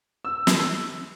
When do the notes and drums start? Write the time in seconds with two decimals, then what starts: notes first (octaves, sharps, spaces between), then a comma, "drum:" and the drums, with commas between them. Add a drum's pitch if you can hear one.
0.25 E6
0.47 drum: snare